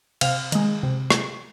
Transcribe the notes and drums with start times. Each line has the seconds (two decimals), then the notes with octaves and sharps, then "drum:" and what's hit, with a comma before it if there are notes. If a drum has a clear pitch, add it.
0.21 C3 F5, drum: cymbal
0.52 D#3 G#3, drum: hi-hat
0.83 C3
1.10 drum: rim click